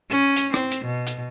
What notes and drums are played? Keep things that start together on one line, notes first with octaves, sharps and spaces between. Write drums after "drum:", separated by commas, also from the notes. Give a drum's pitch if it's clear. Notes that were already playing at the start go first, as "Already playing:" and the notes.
C#4
drum: hi-hat
C4, drum: rim click
drum: hi-hat
B2
drum: hi-hat